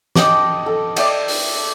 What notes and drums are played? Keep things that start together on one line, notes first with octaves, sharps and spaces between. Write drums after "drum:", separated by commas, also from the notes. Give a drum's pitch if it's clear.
D#5 G5 A5 D6, drum: snare
A4
D5 E5 G5, drum: cymbal
drum: open hi-hat